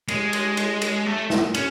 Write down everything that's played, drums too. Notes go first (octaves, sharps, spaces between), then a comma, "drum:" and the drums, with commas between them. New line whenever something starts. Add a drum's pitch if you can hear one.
G#3, drum: cymbal
drum: cymbal
drum: cymbal
drum: cymbal
A3
drum: snare
C#4, drum: cymbal